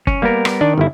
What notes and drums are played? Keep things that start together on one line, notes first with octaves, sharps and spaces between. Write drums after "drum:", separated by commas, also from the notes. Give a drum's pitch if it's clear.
C#4, drum: kick
G3 A#3 B3 A#4
drum: rim click
D#3 D4 D5
G1 E4